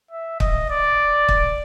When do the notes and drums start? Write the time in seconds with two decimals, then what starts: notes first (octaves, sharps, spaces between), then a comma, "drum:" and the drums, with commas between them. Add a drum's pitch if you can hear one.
0.11 E5
0.40 D#5, drum: kick
0.70 D5
1.28 drum: kick